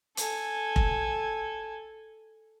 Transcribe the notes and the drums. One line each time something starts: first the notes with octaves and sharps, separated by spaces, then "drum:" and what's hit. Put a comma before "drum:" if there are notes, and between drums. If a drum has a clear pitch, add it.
A4 G#5, drum: hi-hat
drum: kick F1